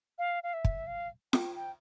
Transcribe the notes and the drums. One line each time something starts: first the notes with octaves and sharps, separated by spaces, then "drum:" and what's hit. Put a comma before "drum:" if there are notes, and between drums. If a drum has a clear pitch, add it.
F5
F5
E5
drum: kick
F5
G5, drum: snare F4
G5